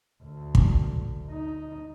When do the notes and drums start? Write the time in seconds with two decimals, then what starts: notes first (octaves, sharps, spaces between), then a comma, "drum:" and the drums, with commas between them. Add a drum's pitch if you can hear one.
0.23 D2
0.55 drum: kick
1.31 D#4